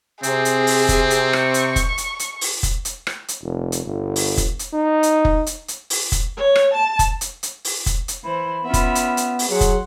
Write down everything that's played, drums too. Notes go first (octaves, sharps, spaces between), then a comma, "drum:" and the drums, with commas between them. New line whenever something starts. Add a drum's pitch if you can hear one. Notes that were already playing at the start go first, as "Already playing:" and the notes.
C3 C4 G#4, drum: hi-hat
drum: hi-hat
drum: open hi-hat
drum: kick F1, hi-hat
drum: hi-hat
C#6, drum: rim click
drum: hi-hat
drum: kick F1, hi-hat
drum: hi-hat
drum: hi-hat
drum: open hi-hat
drum: kick F1, hi-hat
drum: hi-hat
drum: rim click
drum: hi-hat
F1
drum: hi-hat
G1
drum: open hi-hat
drum: kick F1, hi-hat
drum: hi-hat
D#4
drum: hi-hat
drum: kick F1
drum: hi-hat
drum: hi-hat
drum: open hi-hat
drum: kick F1, hi-hat
C#5
drum: rim click
A5
drum: kick F1, hi-hat
drum: hi-hat
drum: hi-hat
drum: open hi-hat
drum: kick F1, hi-hat
drum: hi-hat
E3 C5 B5
B3 C#4 F4 E5
drum: kick F1, hi-hat
drum: hi-hat
drum: hi-hat
drum: open hi-hat
F#3 G#4 F#5 C6
drum: kick F1, hi-hat